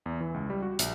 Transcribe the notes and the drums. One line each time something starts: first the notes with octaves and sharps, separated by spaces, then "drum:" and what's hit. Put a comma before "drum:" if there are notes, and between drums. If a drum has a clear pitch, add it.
E2
E3
C#2
G3
F#4
A#1, drum: hi-hat